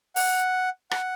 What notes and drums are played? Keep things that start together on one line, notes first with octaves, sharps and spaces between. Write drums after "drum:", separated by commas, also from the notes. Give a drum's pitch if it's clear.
F#5, drum: open hi-hat
F#5, drum: rim click